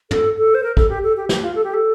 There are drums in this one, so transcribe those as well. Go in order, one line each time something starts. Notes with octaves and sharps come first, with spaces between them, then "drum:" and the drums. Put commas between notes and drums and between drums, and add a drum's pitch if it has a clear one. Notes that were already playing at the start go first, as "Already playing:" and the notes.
A4, drum: tom
A4
C5
A#4
A4, drum: kick A1
G4
A4
G4
G4, drum: snare
F4
A4
G4
A4